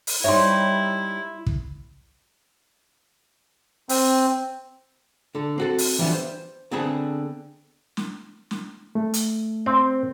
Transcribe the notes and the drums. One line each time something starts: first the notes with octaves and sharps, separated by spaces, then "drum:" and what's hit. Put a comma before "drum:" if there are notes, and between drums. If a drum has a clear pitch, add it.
drum: open hi-hat
G3 D#4 E4 C#5 E5 C6
drum: kick
C4, drum: open hi-hat
D3 A4
C4 F#4 A4
drum: open hi-hat
E3 F3 G3 B3 D4
C5
D3 B3 C4 G#4 A5 B5
drum: snare
drum: snare
A3
drum: hi-hat
C4